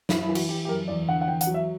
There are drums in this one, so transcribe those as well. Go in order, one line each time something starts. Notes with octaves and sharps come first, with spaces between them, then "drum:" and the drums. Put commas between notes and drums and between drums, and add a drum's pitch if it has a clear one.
F#2 E4, drum: snare
E4
E3
F#4, drum: cymbal
E3 G4
G4
F#2 A#4
E2 D5
D3 F#5
F#5
E2 G5
F#5, drum: hi-hat
F#3
E5